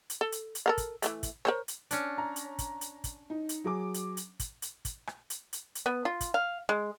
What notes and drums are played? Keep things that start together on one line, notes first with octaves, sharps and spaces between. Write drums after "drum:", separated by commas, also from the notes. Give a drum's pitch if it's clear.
drum: hi-hat
A4
drum: hi-hat
drum: hi-hat
A4 A#4 F5
drum: kick, hi-hat
E3 G#3 A3, drum: hi-hat
drum: kick, hi-hat
A#4 C5 C#5, drum: rim click
drum: hi-hat
C#4 D4, drum: hi-hat
A#5
drum: hi-hat
drum: kick, hi-hat
drum: hi-hat
drum: kick, hi-hat
D#4
drum: hi-hat
F#3 G#4 D6
drum: hi-hat
drum: hi-hat
drum: kick, hi-hat
drum: hi-hat
drum: kick, hi-hat
drum: rim click
drum: hi-hat
drum: hi-hat
drum: hi-hat
B3
F4
drum: kick, hi-hat
F5
G#3